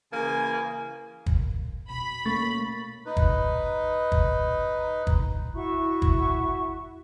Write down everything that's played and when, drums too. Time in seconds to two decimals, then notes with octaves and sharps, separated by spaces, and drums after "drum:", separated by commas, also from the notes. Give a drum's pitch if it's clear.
0.12 C#3 E3 A#3 G#5
1.26 drum: kick
1.90 B2 B5
2.25 A3 A#3 C#4 C#6 A6
3.06 D#4 B4
3.17 drum: kick
4.12 drum: kick
5.07 drum: kick
5.54 E4 F#4 E5 C#6
6.02 drum: kick